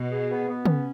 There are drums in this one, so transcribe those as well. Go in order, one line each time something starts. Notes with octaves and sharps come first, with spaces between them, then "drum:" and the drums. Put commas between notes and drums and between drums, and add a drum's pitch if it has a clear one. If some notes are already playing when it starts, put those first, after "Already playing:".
Already playing: B2
G#4
B3
B3
C#4, drum: tom